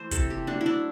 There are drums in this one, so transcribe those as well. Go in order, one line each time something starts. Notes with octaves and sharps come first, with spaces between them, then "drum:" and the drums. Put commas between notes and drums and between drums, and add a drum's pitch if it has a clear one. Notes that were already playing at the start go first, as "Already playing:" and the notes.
Already playing: E3 A3 C5
C3 A4, drum: kick, hi-hat
G4
F#3 A3 D4
E4
D4